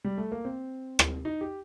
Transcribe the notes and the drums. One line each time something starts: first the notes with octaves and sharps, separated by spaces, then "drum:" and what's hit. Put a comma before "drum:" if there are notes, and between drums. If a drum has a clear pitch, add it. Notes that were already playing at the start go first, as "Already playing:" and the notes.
G3
A3
A#3
C4
drum: rim click
D#4
G4